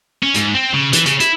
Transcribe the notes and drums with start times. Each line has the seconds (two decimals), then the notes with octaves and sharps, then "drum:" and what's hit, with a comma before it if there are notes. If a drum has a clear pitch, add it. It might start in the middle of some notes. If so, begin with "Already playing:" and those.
0.23 C#4
0.34 G#2, drum: hi-hat
0.54 C4
0.74 C#3
0.93 E3, drum: hi-hat
1.06 C#3, drum: hi-hat
1.20 E4, drum: hi-hat